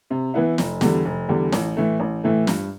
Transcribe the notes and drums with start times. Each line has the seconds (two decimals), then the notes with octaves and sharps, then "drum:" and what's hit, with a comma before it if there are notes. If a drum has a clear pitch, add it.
0.10 C3
0.34 E3 B3 E4
0.58 F1, drum: snare
0.81 E2 D3 G3, drum: snare
1.05 F1
1.29 E2 D3 G3
1.52 A1, drum: snare
1.77 A2 E3 A3
2.00 A1
2.24 A2 E3 A3
2.47 G2, drum: snare